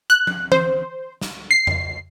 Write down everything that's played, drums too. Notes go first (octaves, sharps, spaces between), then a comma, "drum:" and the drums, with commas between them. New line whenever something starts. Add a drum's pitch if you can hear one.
F#6, drum: hi-hat
drum: tom F3
C5, drum: tom E3
drum: snare
C7
drum: tom F2